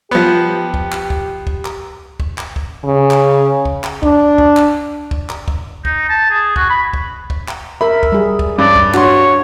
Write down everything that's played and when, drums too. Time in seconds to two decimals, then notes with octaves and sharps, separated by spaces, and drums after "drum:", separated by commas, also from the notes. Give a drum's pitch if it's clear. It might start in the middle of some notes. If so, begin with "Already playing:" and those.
0.11 F3 B3 G4
0.74 drum: kick
0.92 drum: clap
1.10 drum: kick
1.47 drum: kick
1.65 drum: clap
2.20 drum: kick
2.38 drum: clap
2.56 drum: kick
2.84 C#3
3.11 drum: clap
3.65 drum: kick
3.84 drum: clap
4.03 D4, drum: kick
4.38 drum: kick
4.57 drum: clap
5.11 drum: kick
5.29 drum: clap
5.48 drum: kick
5.85 D#4, drum: kick
6.09 A5
6.30 G#4
6.56 F#4, drum: kick
6.70 B5
6.93 drum: kick
7.30 drum: kick
7.48 drum: clap
7.81 A#4 E5 B5
8.03 drum: kick
8.12 G3 G#4
8.39 drum: kick
8.58 G2 C#4 D5
8.76 drum: kick
8.94 D4 F#4 C#5 C6, drum: clap